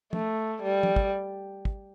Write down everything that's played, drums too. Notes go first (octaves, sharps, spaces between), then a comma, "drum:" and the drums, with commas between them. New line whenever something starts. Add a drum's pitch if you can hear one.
A3, drum: tom
G3
drum: tom
drum: kick
drum: kick